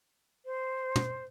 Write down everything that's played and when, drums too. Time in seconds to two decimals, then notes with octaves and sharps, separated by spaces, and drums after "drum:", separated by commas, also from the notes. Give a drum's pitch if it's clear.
0.45 C5
0.96 drum: tom